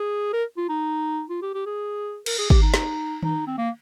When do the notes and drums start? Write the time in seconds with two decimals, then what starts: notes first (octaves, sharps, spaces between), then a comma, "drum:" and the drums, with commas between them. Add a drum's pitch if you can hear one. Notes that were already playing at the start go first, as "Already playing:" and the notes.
Already playing: G#4
0.33 A#4
0.57 F4
0.69 D#4
1.29 F4
1.42 G4
1.54 G4
1.66 G#4
2.26 A#4, drum: cymbal
2.38 G#4
2.50 G4, drum: kick
2.62 D#4
2.74 D#4, drum: snare
3.23 D#4, drum: tom D#3
3.47 C4
3.58 A#3